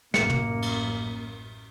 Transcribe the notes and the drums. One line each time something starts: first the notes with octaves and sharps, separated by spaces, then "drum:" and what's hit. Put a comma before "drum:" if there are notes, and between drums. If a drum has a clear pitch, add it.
A1 F#2 A#3 C#7, drum: snare
drum: tom
drum: cymbal